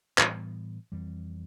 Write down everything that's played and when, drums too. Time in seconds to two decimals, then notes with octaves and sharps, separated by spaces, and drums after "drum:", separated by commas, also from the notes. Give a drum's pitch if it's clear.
0.18 A2 E3 G3 B3, drum: clap
0.92 F2 E3 G3 C4